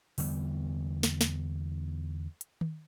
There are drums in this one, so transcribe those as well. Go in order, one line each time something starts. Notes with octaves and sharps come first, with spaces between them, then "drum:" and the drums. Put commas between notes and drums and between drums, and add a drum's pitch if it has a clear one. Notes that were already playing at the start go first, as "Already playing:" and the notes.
E2 D3 G3 B3, drum: open hi-hat
drum: snare
drum: snare
drum: hi-hat
drum: tom D#3